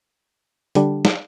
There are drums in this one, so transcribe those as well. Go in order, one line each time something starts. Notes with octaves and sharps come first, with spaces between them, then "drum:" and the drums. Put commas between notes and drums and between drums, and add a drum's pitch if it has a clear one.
D3 G3 D4, drum: hi-hat
drum: snare